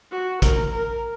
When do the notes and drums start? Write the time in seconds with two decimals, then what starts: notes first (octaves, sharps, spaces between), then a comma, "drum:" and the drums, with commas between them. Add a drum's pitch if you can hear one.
0.11 F#4
0.42 A#4, drum: kick, hi-hat
0.73 A#4